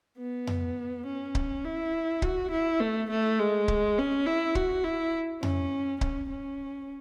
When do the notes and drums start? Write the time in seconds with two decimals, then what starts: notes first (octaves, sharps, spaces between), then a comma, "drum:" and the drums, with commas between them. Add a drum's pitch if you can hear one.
0.18 B3
0.47 drum: tom F2
1.06 C#4
1.35 drum: kick C#1
1.65 E4
2.22 F#4, drum: kick C#1
2.51 E4
2.80 A3
3.10 A3
3.39 G#3
3.68 drum: kick C#1
3.98 C#4
4.26 E4
4.55 F#4, drum: kick C#1
4.84 E4
5.43 C#4, drum: tom F2
6.01 C#4, drum: kick C#1
6.30 C#4